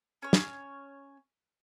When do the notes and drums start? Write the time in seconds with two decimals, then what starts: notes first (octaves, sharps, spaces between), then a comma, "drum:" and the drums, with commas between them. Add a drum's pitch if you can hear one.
0.22 C#4 C#5
0.33 drum: snare